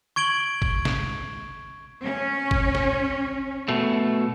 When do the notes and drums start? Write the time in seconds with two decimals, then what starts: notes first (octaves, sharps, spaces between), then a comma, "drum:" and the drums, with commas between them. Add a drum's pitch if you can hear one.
0.16 C#6 G#6 D7 F#7 G7
0.62 drum: kick G1
0.85 drum: snare
2.04 C#4
2.51 drum: kick G1
2.75 drum: snare
3.68 B2 A3